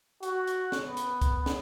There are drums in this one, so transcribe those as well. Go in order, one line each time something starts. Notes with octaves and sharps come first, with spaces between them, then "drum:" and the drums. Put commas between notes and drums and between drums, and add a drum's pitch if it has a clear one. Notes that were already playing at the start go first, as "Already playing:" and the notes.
F#4, drum: hi-hat
drum: hi-hat
drum: snare
B3
drum: hi-hat
drum: kick, hi-hat
drum: snare